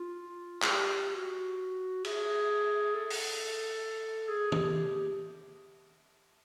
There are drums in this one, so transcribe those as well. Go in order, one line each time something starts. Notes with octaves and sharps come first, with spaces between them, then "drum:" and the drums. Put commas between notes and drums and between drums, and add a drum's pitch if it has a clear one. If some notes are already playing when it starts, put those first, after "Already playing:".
Already playing: F4
G#4, drum: clap
G4
F#4
G#4, drum: cymbal
A4
drum: open hi-hat
G#4
G4, drum: tom